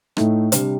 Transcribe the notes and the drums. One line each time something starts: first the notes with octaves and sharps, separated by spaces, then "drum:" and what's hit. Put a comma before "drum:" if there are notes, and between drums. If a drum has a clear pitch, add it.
A2 A3 D#4, drum: rim click
C3 G3 D4, drum: hi-hat